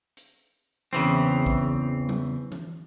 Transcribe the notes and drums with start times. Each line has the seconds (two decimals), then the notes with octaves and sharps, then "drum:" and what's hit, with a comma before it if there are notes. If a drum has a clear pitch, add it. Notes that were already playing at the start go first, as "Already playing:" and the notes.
0.17 drum: hi-hat
0.93 E2 C#3 E3 C4, drum: snare
1.46 drum: kick A1
2.09 drum: tom F#3
2.52 drum: tom E3